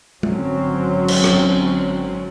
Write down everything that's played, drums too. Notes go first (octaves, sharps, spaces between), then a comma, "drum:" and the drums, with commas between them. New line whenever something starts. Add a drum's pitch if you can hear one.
G#1 D3 F#3 C4 C#4, drum: tom
drum: cymbal
drum: rim click